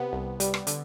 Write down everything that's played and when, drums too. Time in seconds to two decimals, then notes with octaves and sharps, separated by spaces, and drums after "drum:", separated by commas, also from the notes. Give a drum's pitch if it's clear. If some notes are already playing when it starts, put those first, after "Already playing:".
Already playing: C3 B3
0.13 C2
0.40 G3, drum: hi-hat
0.54 drum: rim click
0.67 D3, drum: hi-hat